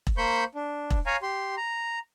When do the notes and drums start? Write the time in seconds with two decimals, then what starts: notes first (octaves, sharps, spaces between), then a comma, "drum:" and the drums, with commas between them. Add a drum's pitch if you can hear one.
0.07 drum: kick E1
0.17 A#3 C5 B5 C#6 G6
0.55 D4
0.90 drum: kick E1
1.06 C#5 F5 G#5 A#5
1.22 G4 C6
1.57 A#5